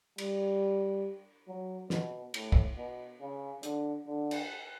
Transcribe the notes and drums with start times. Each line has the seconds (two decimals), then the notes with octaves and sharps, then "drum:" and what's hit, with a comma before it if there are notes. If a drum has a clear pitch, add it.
0.18 G3, drum: cymbal
1.48 F#3
1.90 B2, drum: snare
2.34 A2, drum: cymbal
2.52 drum: kick
2.77 B2
3.20 C#3
3.63 D3, drum: hi-hat
4.06 D3
4.31 drum: cymbal